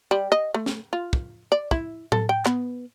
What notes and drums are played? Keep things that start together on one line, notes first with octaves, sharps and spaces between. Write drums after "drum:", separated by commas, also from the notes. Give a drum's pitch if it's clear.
G3
D#5
A3
drum: snare
F4
drum: kick
D5
E4, drum: kick
A4, drum: tom A2
G5
B3, drum: clap